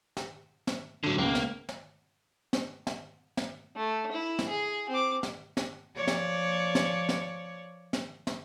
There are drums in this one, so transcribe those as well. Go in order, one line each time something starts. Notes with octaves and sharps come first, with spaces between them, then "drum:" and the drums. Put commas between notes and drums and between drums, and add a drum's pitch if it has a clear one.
drum: snare
drum: snare
D3 F#3
C#2 B2 A#3
drum: snare
drum: snare
drum: snare
drum: snare
drum: snare
A3
E4
drum: snare
G#4
C4 D6
drum: snare
drum: snare
F3 C#5 D5
drum: snare
drum: snare
drum: snare
drum: snare
drum: snare